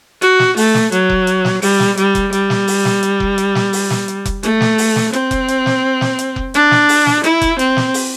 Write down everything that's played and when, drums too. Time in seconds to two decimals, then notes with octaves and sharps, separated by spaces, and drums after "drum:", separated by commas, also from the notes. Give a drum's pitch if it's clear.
0.22 F#4, drum: hi-hat
0.39 drum: snare
0.57 A3, drum: open hi-hat
0.74 drum: snare
0.92 F#3, drum: hi-hat
1.09 drum: kick F1
1.27 drum: hi-hat
1.45 drum: snare
1.62 G3, drum: open hi-hat
1.80 drum: snare
1.97 G3, drum: hi-hat
2.15 drum: kick F1, hi-hat
2.33 G3, drum: hi-hat
2.50 drum: snare
2.67 drum: open hi-hat
2.85 drum: snare
3.03 drum: hi-hat
3.20 drum: kick F1
3.38 drum: hi-hat
3.55 drum: snare
3.73 drum: open hi-hat
3.90 drum: snare
4.08 drum: hi-hat
4.25 drum: kick F1, hi-hat
4.43 A3, drum: hi-hat
4.61 drum: snare
4.78 drum: open hi-hat
4.96 drum: snare
5.13 C4, drum: hi-hat
5.31 drum: kick F1, hi-hat
5.48 drum: hi-hat
5.66 drum: snare
6.01 drum: snare
6.19 drum: hi-hat
6.36 drum: kick F1
6.54 D4, drum: hi-hat
6.71 drum: snare
6.89 drum: open hi-hat
7.06 drum: snare
7.24 E4, drum: hi-hat
7.41 drum: kick F1, hi-hat
7.59 C4, drum: hi-hat
7.77 drum: snare
7.94 drum: open hi-hat